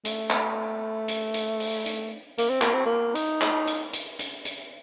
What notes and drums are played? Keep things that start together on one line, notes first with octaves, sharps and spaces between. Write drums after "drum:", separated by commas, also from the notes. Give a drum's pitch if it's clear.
A3, drum: hi-hat
drum: clap
drum: hi-hat
drum: hi-hat
drum: open hi-hat
drum: hi-hat
A#3, drum: hi-hat
C4
A#3, drum: clap
C4
A#3
D#4, drum: hi-hat
drum: clap
drum: hi-hat
drum: hi-hat
drum: hi-hat
drum: hi-hat